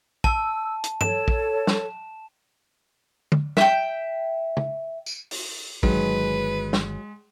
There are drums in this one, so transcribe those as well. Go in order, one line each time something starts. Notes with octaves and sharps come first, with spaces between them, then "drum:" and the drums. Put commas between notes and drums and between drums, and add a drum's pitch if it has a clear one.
A5 E6, drum: kick
drum: hi-hat
A4 C#5 E7, drum: tom
drum: kick
drum: snare
drum: tom
E5 G5, drum: snare
drum: tom
drum: tambourine
drum: open hi-hat
G1 D#3 F#3 G#3 B4, drum: kick
drum: snare